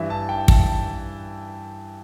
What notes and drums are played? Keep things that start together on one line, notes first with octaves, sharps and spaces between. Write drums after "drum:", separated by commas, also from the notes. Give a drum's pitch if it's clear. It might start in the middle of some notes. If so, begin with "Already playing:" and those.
Already playing: G2 E3 E5
A5
G5
A5, drum: kick